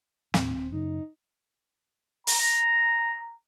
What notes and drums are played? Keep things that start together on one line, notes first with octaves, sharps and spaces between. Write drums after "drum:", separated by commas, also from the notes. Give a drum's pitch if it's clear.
D#2 A2 C4, drum: snare
D#1
F#2 C#3 D#4
A#5, drum: open hi-hat